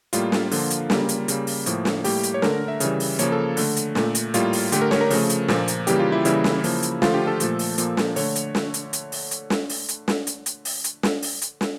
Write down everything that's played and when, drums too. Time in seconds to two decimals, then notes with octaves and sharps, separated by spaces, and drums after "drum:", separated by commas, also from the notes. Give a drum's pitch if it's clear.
0.13 A2 G3 A#3 F4, drum: hi-hat
0.32 drum: snare
0.51 D3 F3 A#3, drum: open hi-hat
0.70 drum: hi-hat
0.90 C#3 G3 A#3, drum: snare
1.09 drum: hi-hat
1.28 C#3 G3 A#3, drum: hi-hat
1.47 drum: open hi-hat
1.66 A2 F3 A#3, drum: hi-hat
1.85 drum: snare
2.04 A2 G3 A#3 G4, drum: open hi-hat
2.23 drum: hi-hat
2.34 C#5
2.42 D3 A3 A#4, drum: snare
2.68 E5
2.80 C#3 E3 G3, drum: hi-hat
3.00 drum: open hi-hat
3.19 C#3 F3 A#3 C#5, drum: hi-hat
3.32 A4
3.57 D3 A3, drum: open hi-hat
3.76 drum: hi-hat
3.95 A#2 A3, drum: snare
4.15 drum: hi-hat
4.34 A2 G3 A#3 F4, drum: hi-hat
4.53 drum: open hi-hat
4.72 D3 A3 G4, drum: hi-hat
4.81 A#4
4.91 C#5, drum: snare
5.01 A#4
5.10 C#3 F3 A3, drum: open hi-hat
5.29 drum: hi-hat
5.48 A#2 F3 A#3, drum: snare
5.68 drum: hi-hat
5.87 C#3 E3 G3 A#3 G4, drum: hi-hat
6.00 F4
6.12 E4
6.25 C#3 E3 G3 A#3 E4, drum: hi-hat
6.44 drum: snare
6.64 C#3 F3 A#3, drum: open hi-hat
6.82 drum: hi-hat
7.02 D3 F3 A3 F4, drum: snare
7.14 G4
7.27 A4
7.40 A#2 F3 A3, drum: hi-hat
7.59 drum: open hi-hat
7.78 A#2 F3 A#3, drum: hi-hat
7.97 drum: snare
8.16 D3 A3 C#5, drum: open hi-hat
8.36 drum: hi-hat
8.55 drum: snare
8.74 drum: hi-hat
8.93 drum: hi-hat
9.12 drum: open hi-hat
9.31 drum: hi-hat
9.50 drum: snare
9.69 drum: open hi-hat
9.89 drum: hi-hat
10.08 drum: snare
10.27 drum: hi-hat
10.46 drum: hi-hat
10.65 drum: open hi-hat
10.84 drum: hi-hat
11.03 drum: snare
11.22 drum: open hi-hat
11.42 drum: hi-hat
11.61 drum: snare